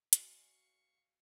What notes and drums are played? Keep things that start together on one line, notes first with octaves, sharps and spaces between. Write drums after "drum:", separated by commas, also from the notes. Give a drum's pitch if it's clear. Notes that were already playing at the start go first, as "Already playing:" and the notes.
F#4 D5 F5 G#5 C#6, drum: hi-hat